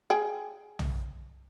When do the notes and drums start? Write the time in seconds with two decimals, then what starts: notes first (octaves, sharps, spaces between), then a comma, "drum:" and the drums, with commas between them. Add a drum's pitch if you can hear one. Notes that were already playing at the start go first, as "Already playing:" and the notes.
0.10 G#4 G5
0.79 drum: tom B1